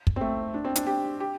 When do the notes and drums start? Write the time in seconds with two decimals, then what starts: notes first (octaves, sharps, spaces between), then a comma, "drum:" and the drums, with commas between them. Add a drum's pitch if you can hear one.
0.07 drum: kick
0.16 C4
0.21 A3
0.54 D4
0.65 C4
0.76 D4, drum: hi-hat
0.87 G4
1.20 G4